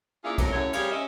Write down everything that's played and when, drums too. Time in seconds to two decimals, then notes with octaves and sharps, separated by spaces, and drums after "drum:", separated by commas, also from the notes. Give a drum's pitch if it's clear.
0.24 A#3 C#4 D4 E4 F4 G#4
0.38 F2 A2 D3 F#3 A#4 E5, drum: kick, cymbal
0.52 F#2 A2 C#3 E4 C#5
0.73 G3 C4 G#4 A#4 C#5 F5, drum: cymbal
0.91 C#4 D#5 E5